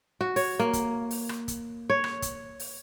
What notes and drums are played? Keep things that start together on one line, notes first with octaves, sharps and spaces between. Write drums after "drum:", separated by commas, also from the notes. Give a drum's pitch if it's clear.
F#4
C#5, drum: open hi-hat
A#3
drum: kick, hi-hat
drum: open hi-hat
drum: rim click
drum: kick, hi-hat
C#5
drum: rim click
drum: kick, hi-hat
drum: open hi-hat